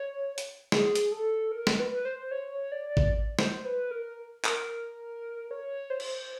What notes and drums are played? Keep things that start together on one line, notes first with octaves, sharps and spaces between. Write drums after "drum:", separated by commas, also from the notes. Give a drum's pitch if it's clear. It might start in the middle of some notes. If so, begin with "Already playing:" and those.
Already playing: C#5
drum: hi-hat
G#4, drum: snare
drum: hi-hat
A4
A#4
drum: snare
B4
C5
C#5
D5
drum: kick G#1
C5, drum: snare
B4
A#4
A#4, drum: clap
C#5
C5
drum: cymbal